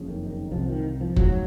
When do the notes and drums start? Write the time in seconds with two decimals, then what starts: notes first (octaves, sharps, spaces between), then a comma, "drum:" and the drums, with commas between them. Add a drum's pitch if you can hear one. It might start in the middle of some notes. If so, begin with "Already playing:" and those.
Already playing: F#1 F2 C#3
0.08 D#3
0.30 D#3
0.51 C2 C3 F3
0.68 D#3
1.01 F3
1.16 A#1 G#2 F#3, drum: kick F#1